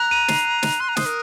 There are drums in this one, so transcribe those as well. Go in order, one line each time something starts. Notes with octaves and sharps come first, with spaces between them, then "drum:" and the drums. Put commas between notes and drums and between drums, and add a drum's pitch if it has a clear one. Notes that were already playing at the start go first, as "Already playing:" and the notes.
Already playing: A#5 F#6
D#7
C7, drum: snare
F#6
F#6, drum: snare
C6 F#6
A#5
C5 D#6, drum: snare
A#4